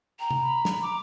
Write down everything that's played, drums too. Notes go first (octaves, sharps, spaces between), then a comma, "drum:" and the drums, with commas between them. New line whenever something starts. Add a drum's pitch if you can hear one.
G5 A#5
drum: tom C3
B5
drum: snare
D6